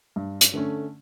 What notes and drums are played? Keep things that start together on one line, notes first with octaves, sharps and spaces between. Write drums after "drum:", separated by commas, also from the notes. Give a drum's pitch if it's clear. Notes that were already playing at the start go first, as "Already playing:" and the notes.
G2
drum: hi-hat
D3 A3 C#4